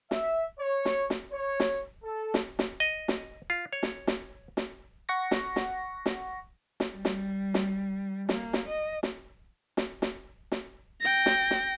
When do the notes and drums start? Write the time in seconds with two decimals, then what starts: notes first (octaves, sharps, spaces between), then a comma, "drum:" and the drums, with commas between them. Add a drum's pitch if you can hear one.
0.11 E5, drum: snare
0.59 C#5
0.85 drum: snare
1.10 drum: snare
1.32 C#5
1.60 drum: snare
2.03 A4
2.34 drum: snare
2.59 drum: snare
2.80 D#5
3.08 drum: snare
3.50 F4
3.73 C#5
3.83 drum: snare
4.07 drum: snare
4.57 drum: snare
5.09 F#5 C#6 A#6
5.31 drum: snare
5.56 drum: snare
6.06 drum: snare
6.80 drum: snare
6.94 G3
7.05 drum: snare
7.54 drum: snare
8.29 A#3, drum: snare
8.53 drum: snare
8.68 D#5
9.03 drum: snare
9.77 drum: snare
10.02 drum: snare
10.52 drum: snare
11.01 G5 A#6
11.26 drum: snare
11.51 drum: snare